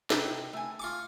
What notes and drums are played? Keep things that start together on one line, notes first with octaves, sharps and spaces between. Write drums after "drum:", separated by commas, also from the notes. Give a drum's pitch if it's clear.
C3 D#4, drum: snare
A3 G#5
F4 C#6 D6